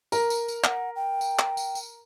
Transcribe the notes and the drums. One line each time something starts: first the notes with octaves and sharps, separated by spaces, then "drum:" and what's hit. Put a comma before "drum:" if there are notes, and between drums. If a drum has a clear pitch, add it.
A#4, drum: tambourine
drum: tambourine
drum: tambourine
F#5, drum: clap
G5
drum: tambourine
drum: clap
drum: tambourine
drum: tambourine